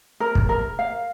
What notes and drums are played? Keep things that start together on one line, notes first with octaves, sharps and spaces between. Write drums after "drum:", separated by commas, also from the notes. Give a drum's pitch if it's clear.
A#4
drum: kick
A#4
F5